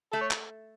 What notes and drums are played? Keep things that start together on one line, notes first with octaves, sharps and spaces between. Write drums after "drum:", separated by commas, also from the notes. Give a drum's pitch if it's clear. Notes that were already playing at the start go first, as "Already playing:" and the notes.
A3 A4
C#5
drum: clap